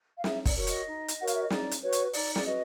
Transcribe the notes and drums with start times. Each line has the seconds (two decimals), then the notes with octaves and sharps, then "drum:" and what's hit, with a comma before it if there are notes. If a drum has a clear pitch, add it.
0.16 F5
0.24 D#4 E5, drum: snare
0.46 D5, drum: kick, open hi-hat
0.56 F#4 A#4 C#5
0.67 D#5, drum: hi-hat
0.87 D#4
1.08 drum: hi-hat
1.19 F#4 A#4 C#5 F#5
1.27 F5, drum: hi-hat
1.35 E5
1.43 D#5
1.50 D#4 D5, drum: snare
1.71 drum: hi-hat
1.82 F#4 B4 C#5
1.92 drum: hi-hat
2.13 D#4 D5, drum: open hi-hat
2.36 D5, drum: snare
2.45 F#4 B4 D#5